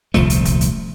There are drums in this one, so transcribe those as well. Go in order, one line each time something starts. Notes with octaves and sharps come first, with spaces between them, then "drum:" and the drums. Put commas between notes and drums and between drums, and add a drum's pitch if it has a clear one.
D#1 C2 F3 A3, drum: snare
drum: hi-hat
drum: kick, hi-hat
drum: hi-hat